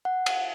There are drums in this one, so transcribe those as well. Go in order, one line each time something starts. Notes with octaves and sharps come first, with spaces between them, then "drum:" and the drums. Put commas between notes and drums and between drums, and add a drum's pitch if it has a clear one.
F#5
drum: cymbal